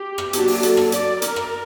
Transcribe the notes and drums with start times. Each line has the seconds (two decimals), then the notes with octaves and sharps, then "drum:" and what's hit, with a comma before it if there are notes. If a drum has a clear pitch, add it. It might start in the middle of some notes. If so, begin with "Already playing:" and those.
Already playing: G4
0.18 drum: rim click
0.33 F#3 A#3 D4, drum: hi-hat
0.48 drum: open hi-hat
0.63 A4, drum: hi-hat
0.77 drum: rim click
0.92 D5, drum: hi-hat
1.22 A#4, drum: hi-hat
1.36 drum: rim click